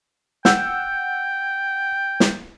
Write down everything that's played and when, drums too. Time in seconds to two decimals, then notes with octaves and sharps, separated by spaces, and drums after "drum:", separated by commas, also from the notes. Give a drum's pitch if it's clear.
0.45 F#5 G5 E6 G6, drum: snare
2.20 drum: snare